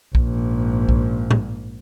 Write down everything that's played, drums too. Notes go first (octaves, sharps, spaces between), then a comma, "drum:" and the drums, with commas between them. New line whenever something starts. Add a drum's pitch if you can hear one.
A#1 G#2, drum: kick
drum: kick
drum: tom A2